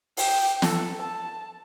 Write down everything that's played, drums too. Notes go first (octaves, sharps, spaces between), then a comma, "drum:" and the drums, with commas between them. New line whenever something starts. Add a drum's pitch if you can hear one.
G5, drum: open hi-hat
A4, drum: snare
A5